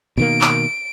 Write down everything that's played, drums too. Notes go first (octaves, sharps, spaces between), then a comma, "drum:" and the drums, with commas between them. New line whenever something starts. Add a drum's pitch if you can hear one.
B2 D#3 A#3 D7
drum: clap